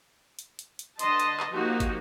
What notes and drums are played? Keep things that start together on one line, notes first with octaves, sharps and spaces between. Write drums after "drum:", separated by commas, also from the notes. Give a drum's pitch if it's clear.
drum: hi-hat
drum: hi-hat
drum: hi-hat
D3 B4 D#5 A5 C6, drum: hi-hat
drum: hi-hat
drum: clap
F3 A#3 D#4 F#4 G4
drum: kick, hi-hat